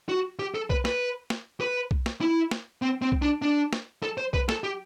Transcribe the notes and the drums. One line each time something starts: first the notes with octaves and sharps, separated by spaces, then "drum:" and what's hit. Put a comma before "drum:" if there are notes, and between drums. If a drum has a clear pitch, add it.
F#4
G4
A4
B4, drum: kick B1
B4, drum: snare
drum: snare
B4
drum: kick B1
drum: snare
E4
drum: snare
C4
C4
drum: kick B1
D4
D4
drum: snare
A4
C5
B4, drum: kick B1
A4, drum: snare
G4